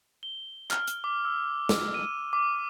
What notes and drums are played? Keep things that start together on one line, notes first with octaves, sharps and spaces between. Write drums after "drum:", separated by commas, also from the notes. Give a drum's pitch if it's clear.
G7
F6, drum: clap
drum: hi-hat
D6
E6
drum: snare
D#7
D6